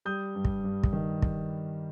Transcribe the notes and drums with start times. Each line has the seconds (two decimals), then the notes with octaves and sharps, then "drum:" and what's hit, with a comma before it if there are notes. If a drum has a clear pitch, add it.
0.05 G3 D#6 G6
0.35 G2
0.45 drum: kick
0.64 G2
0.83 drum: kick
0.93 D#3
1.22 drum: kick